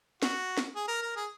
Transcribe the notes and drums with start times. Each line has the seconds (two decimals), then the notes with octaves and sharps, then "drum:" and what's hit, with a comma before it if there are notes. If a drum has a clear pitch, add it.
0.22 F#4, drum: snare
0.57 drum: snare
0.75 G#4
0.88 A#4
1.02 A#4
1.16 G#4